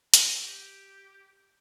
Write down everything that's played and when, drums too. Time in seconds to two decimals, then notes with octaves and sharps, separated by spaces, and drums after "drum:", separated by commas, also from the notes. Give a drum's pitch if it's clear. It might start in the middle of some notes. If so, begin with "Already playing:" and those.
0.14 A#5, drum: hi-hat
0.43 G4